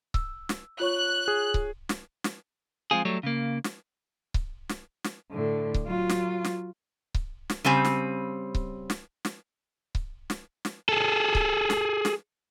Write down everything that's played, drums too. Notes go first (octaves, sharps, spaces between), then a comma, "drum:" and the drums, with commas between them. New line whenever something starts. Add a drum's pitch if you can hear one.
E6, drum: kick C#1
drum: snare
F4 C#5 C#6 F#6
G#4
drum: kick C#1
drum: snare
drum: snare
F3 G#3 C4 F4 G#4
F#3 G3 A3 C#5
C#3 A#3
drum: snare
drum: kick C#1
drum: snare
drum: snare
A2 D3
drum: kick C#1
F#3 F4
drum: snare
drum: snare
drum: kick C#1
drum: snare
C#3 G3 C4 G#5
drum: snare
drum: kick C#1
drum: snare
drum: snare
drum: kick C#1
drum: snare
drum: snare
G#4 A4
drum: kick C#1
drum: snare
drum: snare